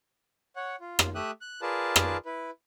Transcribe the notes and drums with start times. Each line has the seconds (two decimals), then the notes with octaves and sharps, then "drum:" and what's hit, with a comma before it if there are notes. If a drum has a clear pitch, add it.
0.56 C#5 F#5
0.80 F4
0.99 drum: rim click
1.15 A3 G4 E5 D#6 F#6
1.41 F#6
1.62 F4 G#4 A#4 B4 D5 A5
1.96 drum: rim click
2.26 E4 B4